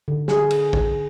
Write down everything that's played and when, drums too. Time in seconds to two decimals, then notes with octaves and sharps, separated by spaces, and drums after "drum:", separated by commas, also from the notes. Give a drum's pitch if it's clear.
0.08 D3
0.28 G#4, drum: snare
0.51 drum: cymbal
0.73 drum: kick